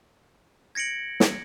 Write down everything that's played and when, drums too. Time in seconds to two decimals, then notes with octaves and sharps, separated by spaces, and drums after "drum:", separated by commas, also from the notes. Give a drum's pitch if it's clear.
0.75 G#6 A#6 C#7 D7 F#7
1.20 drum: snare